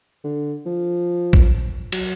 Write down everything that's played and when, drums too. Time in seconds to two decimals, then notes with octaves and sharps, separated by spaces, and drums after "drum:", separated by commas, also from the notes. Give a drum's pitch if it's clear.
0.24 D3
0.66 F3
1.33 drum: kick
1.92 F#3, drum: cymbal